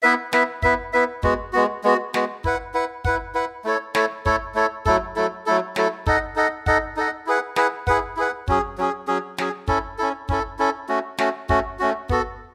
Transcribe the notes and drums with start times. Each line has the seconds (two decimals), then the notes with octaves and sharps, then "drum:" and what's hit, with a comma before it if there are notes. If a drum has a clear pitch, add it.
0.02 B3 E4 B4 E5
0.33 B3 E4 B4 E5, drum: snare
0.62 B3 E4 B4 E5, drum: kick
0.93 B3 E4 B4 E5
1.23 G#3 B3 F#4, drum: kick
1.53 G#3 B3 F#4
1.84 G#3 B3 F#4
2.14 G#3 B3 F#4, drum: snare
2.44 E4 B4 F#5, drum: kick
2.74 E4 B4 F#5
3.05 E4 B4 F#5, drum: kick
3.35 E4 B4 F#5
3.64 A3 E4 A4 C#5
3.95 A3 E4 A4 C#5, drum: snare
4.26 A3 E4 A4 C#5, drum: kick
4.55 A3 E4 A4 C#5
4.86 F#3 A3 E4 A4, drum: kick
5.16 F#3 A3 E4 A4
5.46 F#3 A3 E4 A4
5.76 F#3 A3 E4 A4, drum: snare
6.07 D#4 A4 D#5 F#5, drum: kick
6.36 D#4 A4 D#5 F#5
6.66 D#4 A4 D#5 F#5, drum: kick
6.97 D#4 A4 D#5 F#5
7.26 E4 G#4 B4 F#5
7.56 E4 G#4 B4 F#5, drum: snare
7.87 E4 G#4 B4 F#5, drum: kick
8.17 E4 G#4 B4 F#5
8.48 F#3 C#4 G#4, drum: kick
8.78 F#3 C#4 G#4
9.07 F#3 C#4 G#4
9.38 F#3 C#4 G#4, drum: snare
9.68 C#4 E4 A4, drum: kick
9.98 C#4 E4 A4
10.29 C#4 E4 A4, drum: kick
10.59 C#4 E4 A4
10.88 A3 C#4 F#4
11.19 A3 C#4 F#4, drum: snare
11.49 A3 C#4 F#4, drum: kick
11.79 A3 C#4 F#4
12.09 B3 F#4 A4, drum: kick